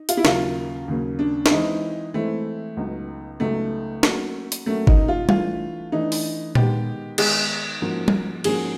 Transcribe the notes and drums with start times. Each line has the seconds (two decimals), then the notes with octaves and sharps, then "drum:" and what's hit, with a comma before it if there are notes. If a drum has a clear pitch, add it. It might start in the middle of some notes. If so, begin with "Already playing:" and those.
Already playing: D#4
0.09 F4, drum: hi-hat
0.17 E4
0.25 D#2 C#3 F#3 A#3 C#4 F4, drum: snare
0.88 D#2 C#3 F#3 A#3 C#4
1.19 D4
1.46 D4, drum: snare
1.51 E3 G#3 C4 D#4 E4
2.14 E3 G#3 A3 C4 E4
2.77 C#2 C#3 F#3 B3 D#4
3.40 C#2 C#3 F#3 A3 B3 D#4
4.03 F#3 A#3 C#4 F#4, drum: snare
4.52 drum: hi-hat
4.66 F#3 A3 A#3 C#4 F#4
4.87 D#4, drum: kick G1
5.08 F4
5.29 E3 A3 D4 F4, drum: tom G3
5.92 E3 A3 D4 D#4
6.12 drum: open hi-hat
6.55 D#3 G#3 B3 D#4 G4, drum: tom A#2
7.18 D#3 G#3 B3 D#4 G#4, drum: cymbal
7.81 G#2 F3 A#3 C#4 F#4
8.08 drum: tom G3
8.44 G#2 F3 A#3 C#4 F#4 G#4, drum: cymbal